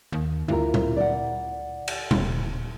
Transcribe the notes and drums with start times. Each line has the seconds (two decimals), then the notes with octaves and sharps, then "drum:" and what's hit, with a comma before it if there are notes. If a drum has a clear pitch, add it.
0.12 D#2
0.48 D2 E4 F4 A#4
0.74 drum: tom A#2
0.97 D5 F#5
1.88 drum: cymbal
2.11 D#1, drum: tom A#2